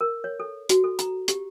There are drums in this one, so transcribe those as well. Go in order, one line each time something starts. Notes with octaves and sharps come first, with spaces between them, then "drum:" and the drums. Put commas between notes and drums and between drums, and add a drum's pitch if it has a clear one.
A#4
C#5
A4
F#4, drum: hi-hat
A4
A#5, drum: hi-hat
G4, drum: hi-hat